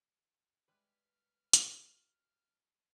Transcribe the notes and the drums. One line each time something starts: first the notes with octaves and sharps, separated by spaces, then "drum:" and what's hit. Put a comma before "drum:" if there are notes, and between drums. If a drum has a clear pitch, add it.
G3 G#3 E4 B4 F6
F#4 A4 E5, drum: hi-hat